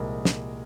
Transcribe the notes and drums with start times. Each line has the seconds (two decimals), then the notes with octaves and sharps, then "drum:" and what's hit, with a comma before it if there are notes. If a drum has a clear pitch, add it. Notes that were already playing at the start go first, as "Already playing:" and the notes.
Already playing: C2 A#2 F3 G#3 A#4
0.25 drum: snare